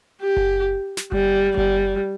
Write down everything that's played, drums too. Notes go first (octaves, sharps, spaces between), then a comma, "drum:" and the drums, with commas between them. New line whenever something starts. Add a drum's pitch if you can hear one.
G4
drum: kick F#1
drum: snare
G3, drum: kick F#1
G3, drum: kick F#1